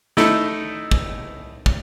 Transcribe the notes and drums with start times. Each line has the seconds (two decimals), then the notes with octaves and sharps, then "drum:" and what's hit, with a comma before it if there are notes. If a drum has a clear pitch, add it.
0.17 A3 D#4 E4, drum: snare
0.91 drum: kick
1.66 drum: kick